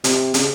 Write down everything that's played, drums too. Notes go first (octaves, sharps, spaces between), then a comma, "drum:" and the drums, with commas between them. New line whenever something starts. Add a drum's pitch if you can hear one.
C3, drum: hi-hat
C#3, drum: hi-hat